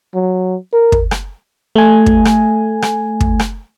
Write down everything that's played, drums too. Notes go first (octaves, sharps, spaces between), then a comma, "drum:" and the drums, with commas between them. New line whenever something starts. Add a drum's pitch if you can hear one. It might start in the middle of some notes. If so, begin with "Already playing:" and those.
F#3
A#4
drum: kick
drum: rim click
A3 G#5
drum: kick
drum: rim click
drum: rim click
drum: kick
drum: rim click